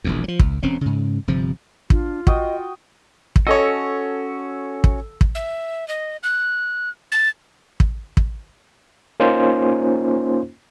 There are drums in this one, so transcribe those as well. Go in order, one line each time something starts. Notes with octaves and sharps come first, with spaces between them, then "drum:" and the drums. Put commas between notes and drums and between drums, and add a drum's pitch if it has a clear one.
E1 A#1 E2
F3 F#3
C#2, drum: kick
E1 C4 C#4
G#2 C#3
G1 C3 F3
D4 F4, drum: kick
F#4 D#5 G5 D#6, drum: kick
drum: kick
C#4 F#4 A4 C#5 D#5 E6
drum: kick
drum: kick
E5
D#5
F#6
A6
drum: kick
drum: kick
A#3 C#4 D#4 F4 C5